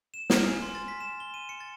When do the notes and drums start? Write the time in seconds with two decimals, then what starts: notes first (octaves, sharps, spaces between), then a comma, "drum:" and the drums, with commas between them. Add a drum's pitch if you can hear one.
0.14 E7
0.30 F6, drum: snare
0.46 G#5
0.62 C6
0.75 A6
0.88 B6
1.00 E7
1.20 G7
1.34 D#7
1.49 C#7
1.61 A6